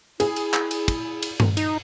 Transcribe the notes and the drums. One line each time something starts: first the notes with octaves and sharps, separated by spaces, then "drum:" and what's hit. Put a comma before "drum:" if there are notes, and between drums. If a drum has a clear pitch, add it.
E4 G#4, drum: cymbal
drum: cymbal
drum: clap
drum: cymbal
drum: kick, cymbal
drum: cymbal
drum: tom G2
D#4, drum: cymbal